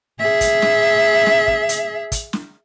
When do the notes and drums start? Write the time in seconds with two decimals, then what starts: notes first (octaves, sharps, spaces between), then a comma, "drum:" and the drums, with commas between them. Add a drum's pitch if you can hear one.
0.19 G#4 E5
0.41 drum: kick, hi-hat
0.62 drum: snare
1.26 drum: snare
1.48 drum: kick
1.69 drum: hi-hat
2.12 drum: kick, hi-hat
2.33 drum: snare